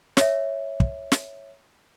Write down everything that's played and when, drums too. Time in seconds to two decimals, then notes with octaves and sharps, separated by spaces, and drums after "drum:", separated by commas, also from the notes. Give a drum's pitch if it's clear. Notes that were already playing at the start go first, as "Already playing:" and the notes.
0.17 C#5 E5, drum: snare
0.80 drum: kick
1.12 drum: snare